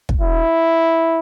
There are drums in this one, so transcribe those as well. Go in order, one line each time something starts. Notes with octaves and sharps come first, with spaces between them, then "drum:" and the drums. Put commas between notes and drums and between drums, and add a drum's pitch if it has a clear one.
drum: kick
E4